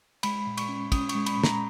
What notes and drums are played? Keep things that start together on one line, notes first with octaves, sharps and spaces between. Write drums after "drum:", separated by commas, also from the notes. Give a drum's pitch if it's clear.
G#3 B5, drum: cymbal
A#2
C#6, drum: cymbal
C#4
C#4 D#6, drum: kick, cymbal
C#6, drum: cymbal
G#3
B5, drum: cymbal
A#2
A#5, drum: snare